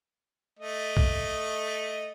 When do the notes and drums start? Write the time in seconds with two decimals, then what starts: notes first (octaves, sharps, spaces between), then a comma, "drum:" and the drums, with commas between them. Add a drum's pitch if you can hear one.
0.59 A3 D#5
0.97 drum: kick